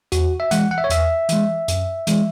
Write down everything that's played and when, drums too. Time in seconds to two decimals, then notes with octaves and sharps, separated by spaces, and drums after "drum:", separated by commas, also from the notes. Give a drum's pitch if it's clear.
0.12 E2 F#4, drum: hi-hat
0.40 E5
0.51 E3 G#3 F#5, drum: hi-hat
0.71 F#5
0.78 E5
0.84 C#5
0.90 E2 E5, drum: hi-hat
1.29 E3 G#3, drum: hi-hat
1.68 F#2, drum: hi-hat
2.07 E3 G#3, drum: hi-hat